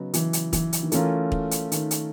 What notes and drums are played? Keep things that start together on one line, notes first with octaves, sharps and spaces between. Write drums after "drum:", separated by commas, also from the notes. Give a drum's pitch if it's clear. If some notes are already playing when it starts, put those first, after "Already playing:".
Already playing: C#3 F#3 B3 D#4
E3, drum: hi-hat
drum: hi-hat
E3, drum: kick, hi-hat
drum: hi-hat
D#3
E3 A3 C#4 F4 A#4, drum: hi-hat
drum: kick
drum: hi-hat
D#3, drum: hi-hat
drum: hi-hat